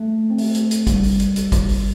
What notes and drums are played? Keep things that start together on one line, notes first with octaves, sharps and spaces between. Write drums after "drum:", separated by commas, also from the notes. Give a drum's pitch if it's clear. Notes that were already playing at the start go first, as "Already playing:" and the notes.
Already playing: A3
C4
A3, drum: open hi-hat
drum: hi-hat
drum: hi-hat
G3, drum: kick, hi-hat
drum: open hi-hat
drum: hi-hat
drum: hi-hat
drum: kick, hi-hat
drum: open hi-hat